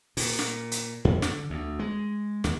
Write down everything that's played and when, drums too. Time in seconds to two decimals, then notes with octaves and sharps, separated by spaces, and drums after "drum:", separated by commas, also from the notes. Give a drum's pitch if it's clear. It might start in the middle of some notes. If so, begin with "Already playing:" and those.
0.17 A#2, drum: open hi-hat
0.39 drum: snare
0.72 drum: hi-hat
1.05 F2
1.22 D3, drum: snare
1.50 D2
1.79 G#3
2.44 D#2, drum: snare